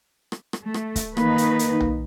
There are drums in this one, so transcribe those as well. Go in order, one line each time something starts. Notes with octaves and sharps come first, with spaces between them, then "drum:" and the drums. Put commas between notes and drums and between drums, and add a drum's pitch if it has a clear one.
drum: rim click
drum: rim click
A3
drum: rim click
drum: kick, hi-hat
D#3 A#3 D#4 B4, drum: rim click
drum: hi-hat
drum: hi-hat
drum: tom B1